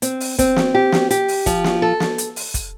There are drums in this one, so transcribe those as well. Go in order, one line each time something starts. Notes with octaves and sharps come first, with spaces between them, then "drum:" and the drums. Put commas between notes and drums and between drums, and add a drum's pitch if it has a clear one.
C4, drum: hi-hat
drum: open hi-hat
C4, drum: kick, hi-hat
drum: snare
G4
drum: snare
G4, drum: hi-hat
drum: open hi-hat
F3, drum: kick, hi-hat
drum: snare
A4
drum: snare
drum: hi-hat
drum: open hi-hat
drum: kick, hi-hat